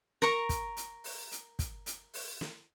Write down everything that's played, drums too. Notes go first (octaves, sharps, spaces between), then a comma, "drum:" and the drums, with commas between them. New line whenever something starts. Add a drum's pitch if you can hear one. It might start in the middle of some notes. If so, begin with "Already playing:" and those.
A#4 A#5 C#6, drum: snare
drum: kick, hi-hat
drum: hi-hat
drum: open hi-hat
drum: hi-hat
drum: kick, hi-hat
drum: hi-hat
drum: open hi-hat
drum: snare